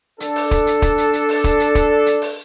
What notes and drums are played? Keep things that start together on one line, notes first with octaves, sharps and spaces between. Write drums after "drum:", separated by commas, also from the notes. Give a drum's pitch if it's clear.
D4 A4, drum: hi-hat
drum: open hi-hat
drum: kick, hi-hat
drum: hi-hat
drum: kick, hi-hat
drum: hi-hat
drum: hi-hat
drum: open hi-hat
drum: kick, hi-hat
drum: hi-hat
drum: kick, hi-hat
drum: hi-hat
drum: open hi-hat